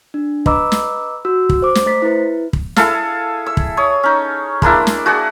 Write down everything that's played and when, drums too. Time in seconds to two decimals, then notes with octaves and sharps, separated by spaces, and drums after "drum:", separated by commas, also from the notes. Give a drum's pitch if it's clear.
0.14 D4
0.46 B4 D#5 A#5 B5 D6 E6, drum: kick
0.72 drum: snare
1.25 F#4 E6
1.49 drum: kick
1.62 C5 D6
1.75 drum: snare
1.86 A3 C5 A6 B6
2.02 E4 B4
2.53 drum: kick
2.76 E4 G#4 A4 F5, drum: snare
3.46 E6
3.57 drum: kick
3.77 C#5 D#6
4.03 C#4 D#4
4.62 G#3 A#3 D4 E4, drum: kick
4.87 drum: snare
5.06 F#4 G#4 D5 F#5